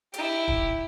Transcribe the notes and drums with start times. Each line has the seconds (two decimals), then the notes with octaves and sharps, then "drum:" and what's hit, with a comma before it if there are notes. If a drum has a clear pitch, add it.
0.14 E4 G4, drum: hi-hat
0.48 drum: kick